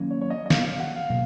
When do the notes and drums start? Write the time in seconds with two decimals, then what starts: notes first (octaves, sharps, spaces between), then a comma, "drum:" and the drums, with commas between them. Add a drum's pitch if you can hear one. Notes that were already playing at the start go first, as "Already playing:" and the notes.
Already playing: D#3 F#3 A#3 C#4
0.11 C#5
0.21 C#5
0.30 D#5
0.46 D#5
0.50 F5, drum: snare
0.65 F5
0.80 F#5
0.95 F5
1.10 B2 F#3 A#3